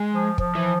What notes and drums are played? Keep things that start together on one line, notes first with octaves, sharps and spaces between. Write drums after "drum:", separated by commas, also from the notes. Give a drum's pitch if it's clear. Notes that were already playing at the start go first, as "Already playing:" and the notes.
Already playing: G#3
F3
F3, drum: kick
E3